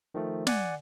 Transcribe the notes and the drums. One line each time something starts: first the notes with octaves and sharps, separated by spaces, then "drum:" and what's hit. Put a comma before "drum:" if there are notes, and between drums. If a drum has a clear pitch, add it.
D#3 F3 A3
D5 F#5 G#5, drum: snare